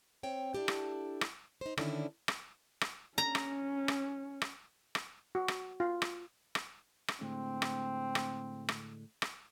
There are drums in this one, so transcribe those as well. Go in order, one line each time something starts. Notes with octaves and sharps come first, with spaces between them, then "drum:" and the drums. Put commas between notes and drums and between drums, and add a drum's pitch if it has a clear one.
C4 C#5 G5
D4 E4 G4 A4
drum: rim click
drum: rim click
D#4 C5
D3 D#3 C#4 D4 E4, drum: rim click
drum: rim click
drum: rim click
C#4 A#5
drum: rim click
drum: rim click
drum: rim click
drum: rim click
F#4
drum: rim click
F4
drum: rim click
drum: rim click
drum: rim click
A2 D3 G#3 C4
drum: rim click
drum: rim click
drum: rim click
drum: rim click